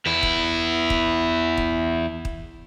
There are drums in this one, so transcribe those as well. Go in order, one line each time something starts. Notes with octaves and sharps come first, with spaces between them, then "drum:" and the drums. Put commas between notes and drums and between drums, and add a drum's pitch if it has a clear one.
E2 E4
drum: kick D#1
drum: kick D#1
drum: kick D#1
drum: kick D#1